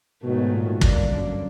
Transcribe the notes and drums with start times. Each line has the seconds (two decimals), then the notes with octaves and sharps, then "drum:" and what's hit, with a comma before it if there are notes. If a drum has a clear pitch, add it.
0.23 G#2 B2 D#3 F#3 A3
0.52 A#2
0.81 G2 D3 G3 A#3 D4, drum: kick
1.09 F#2